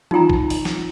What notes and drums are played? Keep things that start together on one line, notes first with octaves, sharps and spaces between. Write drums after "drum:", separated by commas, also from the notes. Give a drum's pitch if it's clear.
D#4 F4 G5 A#5, drum: tom E3
drum: kick
drum: open hi-hat
drum: snare